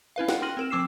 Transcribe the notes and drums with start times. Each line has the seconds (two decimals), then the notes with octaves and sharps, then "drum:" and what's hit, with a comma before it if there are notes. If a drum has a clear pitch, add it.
0.16 C#4 E4 B4 F5
0.28 F#5 G5 F#6, drum: snare
0.42 C6 F6 A#6 D#7 F#7
0.57 C4 A#4 E7
0.70 F3 C4 D6 E6 C7 E7